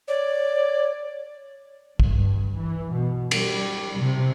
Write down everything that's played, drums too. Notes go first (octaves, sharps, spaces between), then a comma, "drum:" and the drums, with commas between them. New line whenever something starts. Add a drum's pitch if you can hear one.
C#5 D5
G2, drum: kick
E3
B2
G3, drum: cymbal
C3